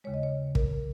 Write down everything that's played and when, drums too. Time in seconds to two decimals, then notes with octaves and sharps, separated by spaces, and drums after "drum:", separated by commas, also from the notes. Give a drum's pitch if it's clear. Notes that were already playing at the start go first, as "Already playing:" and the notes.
0.04 D#2 C#3 G#3 C#5
0.14 D#5
0.23 C#5
0.55 A#4, drum: kick